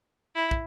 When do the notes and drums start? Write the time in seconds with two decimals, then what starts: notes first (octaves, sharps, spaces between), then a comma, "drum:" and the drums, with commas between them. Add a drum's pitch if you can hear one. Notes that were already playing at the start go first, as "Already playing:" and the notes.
0.36 E4
0.51 drum: kick